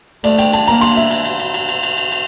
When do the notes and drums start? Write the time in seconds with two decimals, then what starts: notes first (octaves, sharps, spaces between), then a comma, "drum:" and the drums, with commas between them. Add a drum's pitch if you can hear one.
0.24 A3 D5, drum: cymbal
0.38 G5, drum: cymbal
0.53 A5, drum: cymbal
0.67 A#3 A#5, drum: cymbal
0.81 C6, drum: cymbal
0.97 E5
1.11 drum: cymbal
1.25 drum: cymbal
1.40 drum: cymbal
1.54 drum: cymbal
1.69 drum: cymbal
1.83 drum: cymbal
1.98 drum: cymbal
2.12 drum: cymbal